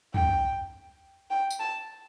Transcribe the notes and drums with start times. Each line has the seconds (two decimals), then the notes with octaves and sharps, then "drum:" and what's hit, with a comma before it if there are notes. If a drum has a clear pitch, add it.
0.14 G5, drum: tom
1.30 G5
1.50 drum: tambourine
1.60 A5